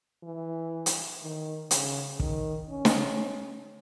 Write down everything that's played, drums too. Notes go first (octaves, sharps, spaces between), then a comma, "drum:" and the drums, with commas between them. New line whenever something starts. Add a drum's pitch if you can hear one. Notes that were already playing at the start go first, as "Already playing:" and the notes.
E3
drum: hi-hat
D#3
C#3, drum: hi-hat
D#3, drum: kick
C#4
drum: snare